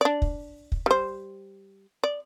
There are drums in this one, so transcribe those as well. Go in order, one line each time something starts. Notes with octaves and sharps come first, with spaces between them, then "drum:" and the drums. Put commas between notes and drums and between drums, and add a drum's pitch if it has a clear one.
D4 D5
drum: kick
drum: kick
G3 C5
D5